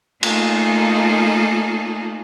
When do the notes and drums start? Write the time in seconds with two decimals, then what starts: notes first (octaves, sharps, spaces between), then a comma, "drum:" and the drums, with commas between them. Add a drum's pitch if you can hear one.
0.23 A3 A#3 D#4 F4 G#4 A4, drum: cymbal